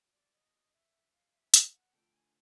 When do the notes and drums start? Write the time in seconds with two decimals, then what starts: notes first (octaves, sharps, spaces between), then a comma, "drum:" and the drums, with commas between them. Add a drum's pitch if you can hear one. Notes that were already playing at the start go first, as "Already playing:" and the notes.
Already playing: F#3 D#4
0.13 D5
0.34 D#5
0.73 E5
1.13 F5
1.33 E5
1.54 F5, drum: hi-hat
1.73 F#5
1.93 D2 D3 F3 A3 G5
2.14 G#5